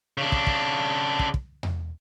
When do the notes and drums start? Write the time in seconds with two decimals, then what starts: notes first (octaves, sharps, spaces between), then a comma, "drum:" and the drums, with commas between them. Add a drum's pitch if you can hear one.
0.18 C#3 D4
0.32 drum: kick
0.47 drum: kick
1.19 drum: kick
1.34 drum: kick
1.63 drum: tom E2